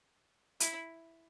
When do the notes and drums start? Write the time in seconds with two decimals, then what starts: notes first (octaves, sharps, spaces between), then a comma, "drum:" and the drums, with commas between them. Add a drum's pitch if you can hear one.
0.60 E4, drum: hi-hat